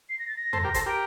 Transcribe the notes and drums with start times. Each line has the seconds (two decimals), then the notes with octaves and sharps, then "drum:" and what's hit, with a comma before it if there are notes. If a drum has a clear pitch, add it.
0.09 C7
0.19 A#6
0.27 A6
0.36 A#6
0.53 A4 C5, drum: tom E2
0.64 G4 A#4
0.74 A4 C5, drum: kick, hi-hat
0.86 G4 A#4 D7